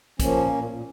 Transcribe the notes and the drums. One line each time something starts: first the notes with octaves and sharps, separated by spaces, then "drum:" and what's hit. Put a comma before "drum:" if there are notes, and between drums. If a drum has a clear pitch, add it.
F3 A#3 C#4, drum: kick, hi-hat
A#2
A#2
A#2